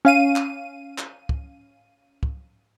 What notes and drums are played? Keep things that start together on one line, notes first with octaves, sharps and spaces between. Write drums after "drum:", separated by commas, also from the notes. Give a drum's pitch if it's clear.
C#4 F5 D#7
drum: clap
drum: clap
drum: kick
drum: kick